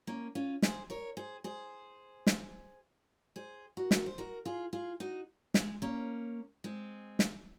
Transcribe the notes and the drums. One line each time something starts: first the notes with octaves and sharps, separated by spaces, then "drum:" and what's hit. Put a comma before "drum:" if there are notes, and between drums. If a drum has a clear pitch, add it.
A#3 C#4
C#4 F4
G#4 C5, drum: snare
A#4 C#5
G#4 C5
G#4 C5
drum: snare
G#4 C5
F#4 A#4
drum: snare
C5
F#4 A#4
F4 G#4
F4 G#4
D#4 F#4
G#3, drum: snare
A#3 C#4
G#3 C4
drum: snare